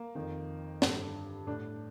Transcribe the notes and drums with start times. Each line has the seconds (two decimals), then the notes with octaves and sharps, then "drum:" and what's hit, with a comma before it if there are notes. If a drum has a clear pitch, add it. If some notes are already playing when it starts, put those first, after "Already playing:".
Already playing: A#3
0.15 F2 D#3
0.82 G2 D3, drum: snare
1.47 A2 D4